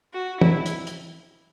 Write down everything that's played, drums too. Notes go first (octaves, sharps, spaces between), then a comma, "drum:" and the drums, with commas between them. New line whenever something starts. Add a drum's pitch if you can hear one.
F#4
E4, drum: tom
drum: hi-hat
drum: hi-hat